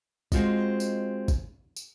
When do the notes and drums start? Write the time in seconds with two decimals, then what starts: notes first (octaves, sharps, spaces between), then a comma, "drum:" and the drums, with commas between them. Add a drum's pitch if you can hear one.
0.32 G#3 C4 F4 F#4 D#5, drum: kick G#1, tambourine
0.80 drum: tambourine
1.28 drum: kick G#1, tambourine
1.76 drum: tambourine